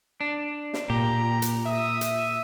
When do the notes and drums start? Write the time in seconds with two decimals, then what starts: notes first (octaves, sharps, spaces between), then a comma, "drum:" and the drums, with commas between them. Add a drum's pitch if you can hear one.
0.21 D4
0.73 drum: snare
0.90 A#2 G4 A#5
1.42 drum: hi-hat
1.65 E5 D#6
2.01 drum: hi-hat